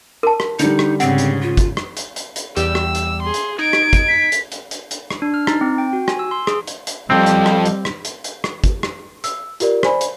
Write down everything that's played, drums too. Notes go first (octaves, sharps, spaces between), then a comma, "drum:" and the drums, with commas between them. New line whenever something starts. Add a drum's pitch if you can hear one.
A#4 A5
drum: rim click
D3 G3 D#4, drum: hi-hat
drum: rim click
G#2 C#3 C4 F#5, drum: hi-hat
drum: hi-hat
F4
drum: kick, hi-hat
drum: rim click
drum: hi-hat
drum: hi-hat
drum: hi-hat
E2 G3 G4 E6, drum: hi-hat
drum: rim click
drum: hi-hat
G#4 C6
drum: hi-hat
D#4 G#6 D7
drum: rim click
drum: kick, hi-hat
B6
drum: hi-hat
drum: hi-hat
drum: hi-hat
drum: hi-hat
drum: rim click
D4
F6
D#4, drum: rim click
C4
G5
F#4
G#5, drum: rim click
E6
C6
G#4, drum: rim click
drum: hi-hat
drum: hi-hat
B1 F2 G3 C4 G5
drum: hi-hat
drum: rim click
drum: hi-hat
drum: rim click
drum: hi-hat
drum: hi-hat
drum: rim click
drum: kick, hi-hat
drum: rim click
E6, drum: hi-hat
F4 G4 A#4 D5, drum: hi-hat
C5 D5 G#5 B5, drum: rim click
drum: hi-hat